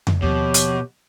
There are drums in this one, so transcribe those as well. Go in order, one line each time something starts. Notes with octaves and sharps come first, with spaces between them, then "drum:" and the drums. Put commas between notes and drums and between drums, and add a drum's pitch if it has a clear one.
drum: tom F2
D#2 B2 F3 G4 C#5
drum: hi-hat